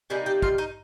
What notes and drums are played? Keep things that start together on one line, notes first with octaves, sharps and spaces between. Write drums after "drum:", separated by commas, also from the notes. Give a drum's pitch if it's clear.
C3 G3 A#3 D#4 G#4
G4
F4, drum: kick
D#4